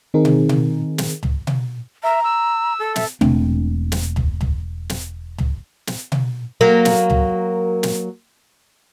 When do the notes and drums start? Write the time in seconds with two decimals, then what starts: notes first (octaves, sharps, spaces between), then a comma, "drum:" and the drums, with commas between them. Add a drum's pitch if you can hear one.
0.14 D#3 C4 D#4 G#4 A#4
0.25 drum: tom B2
0.49 drum: tom B2
0.98 drum: snare
1.23 drum: tom C#2
1.47 drum: tom B2
2.03 E5 A#5
2.24 E6
2.79 A4
2.96 E5, drum: snare
3.21 E1 A3 C4 D4, drum: tom B2
3.92 drum: snare
4.16 drum: tom C#2
4.41 drum: tom C#2
4.89 drum: snare
5.38 drum: tom C#2
5.87 drum: snare
6.12 drum: tom B2
6.61 F#3 A#3
6.85 drum: snare
7.10 drum: tom C#2
7.83 drum: snare